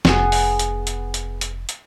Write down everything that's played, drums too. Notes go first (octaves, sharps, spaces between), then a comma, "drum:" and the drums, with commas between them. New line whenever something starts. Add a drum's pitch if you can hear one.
F1 B3 G#4, drum: snare
drum: open hi-hat
drum: hi-hat
drum: hi-hat
drum: hi-hat
drum: hi-hat
drum: hi-hat